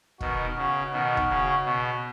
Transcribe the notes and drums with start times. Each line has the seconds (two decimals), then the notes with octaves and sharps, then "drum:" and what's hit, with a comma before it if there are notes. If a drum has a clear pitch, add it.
0.20 B2 D#3 F#4, drum: kick
0.57 C#3 F#4
0.92 B2 D#3 F#4
1.17 drum: kick
1.29 C#3
1.65 B2